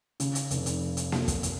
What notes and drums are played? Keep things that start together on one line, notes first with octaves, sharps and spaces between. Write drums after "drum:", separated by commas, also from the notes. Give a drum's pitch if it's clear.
C#3, drum: hi-hat
drum: hi-hat
F1, drum: hi-hat
drum: hi-hat
drum: hi-hat
drum: snare A#3
drum: kick, hi-hat
drum: hi-hat